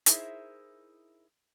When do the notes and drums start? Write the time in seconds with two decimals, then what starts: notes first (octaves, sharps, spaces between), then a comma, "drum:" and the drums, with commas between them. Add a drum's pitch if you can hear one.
0.06 D#4 E4 G#4 A#4 C5 E5, drum: hi-hat